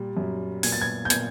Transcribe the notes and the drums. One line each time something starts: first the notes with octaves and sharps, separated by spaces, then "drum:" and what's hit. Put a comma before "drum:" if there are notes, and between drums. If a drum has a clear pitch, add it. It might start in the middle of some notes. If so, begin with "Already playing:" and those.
Already playing: A#2 G3
F#2
A#2 G#6, drum: open hi-hat
A6
G#6
G6
A#2 G#6, drum: hi-hat